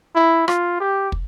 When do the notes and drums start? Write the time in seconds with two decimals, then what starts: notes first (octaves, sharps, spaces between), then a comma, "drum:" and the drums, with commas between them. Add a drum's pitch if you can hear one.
0.15 E4
0.48 F4, drum: rim click
0.80 G4
1.12 drum: kick